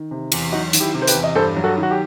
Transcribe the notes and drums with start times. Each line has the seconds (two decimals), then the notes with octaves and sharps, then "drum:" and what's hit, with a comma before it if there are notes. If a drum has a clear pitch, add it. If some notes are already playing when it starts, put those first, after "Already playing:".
Already playing: D#3
0.11 C3
0.32 E2, drum: cymbal
0.52 F#3 D#4 F#4
0.73 D#3, drum: hi-hat
0.80 E4 G4
0.94 C3
1.02 C5
1.07 G4 B4, drum: hi-hat
1.15 E2
1.24 D#5
1.35 G2 A4 C5
1.57 F#3
1.64 F#4 A4
1.78 D#3
1.83 F#4
1.91 G4